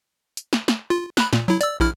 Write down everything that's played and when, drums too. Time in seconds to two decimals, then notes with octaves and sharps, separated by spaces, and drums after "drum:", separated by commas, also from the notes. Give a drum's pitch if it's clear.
0.37 drum: hi-hat
0.53 drum: snare
0.68 drum: snare
0.90 F4
1.17 B5 F#6, drum: snare
1.33 A#2, drum: snare
1.48 F#3 E4
1.61 D5 E6, drum: hi-hat
1.80 A#1 E4 F6